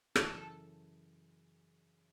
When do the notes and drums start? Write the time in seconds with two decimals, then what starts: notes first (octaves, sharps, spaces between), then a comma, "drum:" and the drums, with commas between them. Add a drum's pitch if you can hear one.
0.16 F#2 C#3 E3 A4, drum: rim click